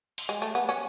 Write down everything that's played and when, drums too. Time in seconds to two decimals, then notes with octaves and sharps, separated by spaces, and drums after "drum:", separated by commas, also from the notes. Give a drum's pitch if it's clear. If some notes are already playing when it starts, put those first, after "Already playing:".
0.18 drum: open hi-hat
0.29 G#3
0.42 A3
0.55 B3
0.69 C#4